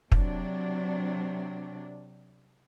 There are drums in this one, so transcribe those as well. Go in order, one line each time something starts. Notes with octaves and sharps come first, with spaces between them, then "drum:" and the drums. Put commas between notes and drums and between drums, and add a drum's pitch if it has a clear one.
C3 F#3 D4, drum: kick